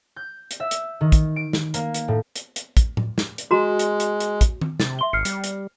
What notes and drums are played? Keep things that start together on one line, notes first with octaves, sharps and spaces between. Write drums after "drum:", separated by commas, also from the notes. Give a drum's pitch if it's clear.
G6
drum: hi-hat
E5
drum: hi-hat
D#3
drum: kick, hi-hat
D7
drum: snare
A#3, drum: hi-hat
drum: hi-hat
A2
drum: hi-hat
drum: hi-hat
drum: kick, hi-hat
drum: tom A2
drum: snare
drum: hi-hat
G#3 F#4 A#5 C6
drum: hi-hat
drum: hi-hat
drum: hi-hat
drum: kick, hi-hat
drum: tom D#3
C3 A6, drum: snare
E5 C6 G7
G#1 F6 C7 C#7
G3, drum: hi-hat
drum: hi-hat